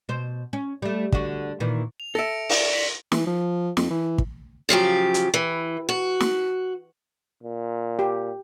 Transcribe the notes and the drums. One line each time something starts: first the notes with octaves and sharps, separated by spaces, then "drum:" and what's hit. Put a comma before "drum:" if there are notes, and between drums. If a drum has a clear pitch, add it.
B2 C5
C#4
G3 A3
D3 F#4, drum: kick
A#2 D#3 E3
F7
A4 E5 A#6 C#7 D7
D5 E7, drum: open hi-hat
A#6 B6 F#7
E3, drum: snare
F3
F2, drum: snare
E3
drum: kick
C#3 F3 F#3 G4
drum: hi-hat
E3
F#4
drum: snare
A#2
G4